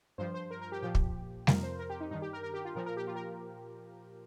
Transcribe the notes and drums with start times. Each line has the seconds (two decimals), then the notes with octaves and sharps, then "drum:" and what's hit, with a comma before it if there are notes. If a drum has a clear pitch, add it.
0.18 G2 F3 C5
0.34 C5
0.51 A#4
0.62 A#4
0.72 G4
0.82 A#2 F3 G4
0.95 drum: kick
1.47 F2 C3 F3 A#4, drum: snare G3
1.63 C5
1.79 A#4
1.90 G4
2.00 D#4
2.11 G2 D#3 D#4
2.22 G4
2.33 A#4
2.43 A#4
2.54 G4
2.65 F4
2.75 A#2 F3 A#4
2.86 A#4
2.97 G4
3.07 F4
3.16 A#4